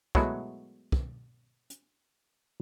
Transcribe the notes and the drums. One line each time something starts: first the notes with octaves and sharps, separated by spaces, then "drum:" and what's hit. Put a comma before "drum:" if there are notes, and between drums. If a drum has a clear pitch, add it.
F#3 G#3 A3 B3 E4 F#4, drum: kick
drum: kick
drum: hi-hat